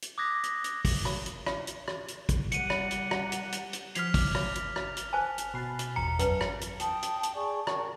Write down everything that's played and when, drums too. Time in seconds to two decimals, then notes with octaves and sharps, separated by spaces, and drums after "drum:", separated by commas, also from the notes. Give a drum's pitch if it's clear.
0.02 drum: hi-hat
0.18 D6 D#6 F#6 G#6 A#6 B6
0.43 drum: hi-hat
0.64 drum: hi-hat
0.85 drum: kick, open hi-hat
1.05 drum: rim click
1.26 drum: hi-hat
1.46 drum: rim click
1.67 drum: hi-hat
1.88 drum: rim click
2.08 drum: hi-hat
2.29 drum: kick, hi-hat
2.52 G3 F#5 C#7 D#7, drum: hi-hat
2.70 drum: rim click
2.91 drum: hi-hat
3.11 drum: rim click
3.32 drum: hi-hat
3.52 drum: hi-hat
3.73 drum: hi-hat
3.95 F3 F6 G#6 B6 C7 F7, drum: hi-hat
4.14 G1 D6, drum: kick, open hi-hat
4.35 drum: rim click
4.55 drum: hi-hat
4.76 drum: rim click
4.97 drum: hi-hat
5.13 C5 G#5 A5
5.38 drum: hi-hat
5.54 B2 B5 F#6 A6 C7
5.79 drum: hi-hat
5.96 G#1 E2 F4 A#5 C#7
6.19 F#2 B4 A5, drum: hi-hat
6.41 drum: rim click
6.61 drum: hi-hat
6.80 G5 A5 D#6, drum: hi-hat
7.03 drum: hi-hat
7.23 drum: hi-hat
7.35 G#4 D5 G#5 C#6
7.67 A#4 G5 C#6, drum: rim click